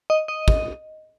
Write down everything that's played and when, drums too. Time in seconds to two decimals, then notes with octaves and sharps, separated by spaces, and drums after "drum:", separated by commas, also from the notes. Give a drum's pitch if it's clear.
0.10 D#5
0.28 D#5
0.48 drum: kick